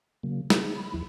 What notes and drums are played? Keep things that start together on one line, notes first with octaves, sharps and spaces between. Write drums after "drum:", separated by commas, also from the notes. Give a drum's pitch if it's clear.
C#3 F#3 A#3
D#4 G#4, drum: snare
B5
D#2 F3 E4